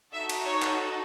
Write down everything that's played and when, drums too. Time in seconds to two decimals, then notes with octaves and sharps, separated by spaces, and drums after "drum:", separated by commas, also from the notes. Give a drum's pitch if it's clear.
0.13 D#4 F#4 A4 E5
0.29 drum: cymbal
0.46 C#5
0.62 drum: clap